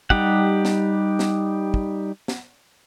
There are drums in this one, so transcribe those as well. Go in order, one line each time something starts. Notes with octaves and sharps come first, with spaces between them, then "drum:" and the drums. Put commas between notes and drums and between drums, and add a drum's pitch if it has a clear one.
G3 D#4 G4 F#5, drum: kick
drum: snare
drum: snare
drum: kick
drum: snare